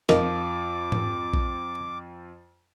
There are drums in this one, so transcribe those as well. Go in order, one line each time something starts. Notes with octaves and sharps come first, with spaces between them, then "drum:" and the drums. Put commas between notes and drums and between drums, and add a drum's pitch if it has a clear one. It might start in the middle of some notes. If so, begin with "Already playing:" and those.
F2 D#3 F3 D6, drum: snare
drum: tom G#2
drum: kick A#1